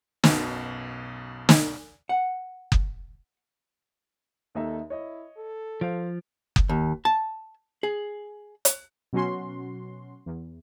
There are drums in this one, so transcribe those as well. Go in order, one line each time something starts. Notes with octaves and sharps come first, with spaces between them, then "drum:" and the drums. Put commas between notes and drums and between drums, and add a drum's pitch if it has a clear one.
B1 F#2 B2, drum: snare
drum: snare
F#5
drum: kick F#1
D#2 D#4 A4 E5
E4 C#5 D#5
A4
F3 C5 F5 D7
drum: kick F#1
D#2
A5
G#4
drum: hi-hat
B2 F#3 C#4 F#4 C6
E2